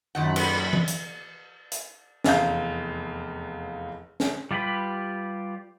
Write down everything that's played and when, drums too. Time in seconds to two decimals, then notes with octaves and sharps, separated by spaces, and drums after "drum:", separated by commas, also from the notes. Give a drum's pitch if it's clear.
0.15 F#2 A#2 D#3 F#5 B5
0.36 drum: cymbal
0.73 drum: tom
0.88 drum: hi-hat
1.72 drum: hi-hat
2.24 F1 E2 F5 G6, drum: snare
4.20 drum: snare
4.51 G3 F4 G4 B4 B5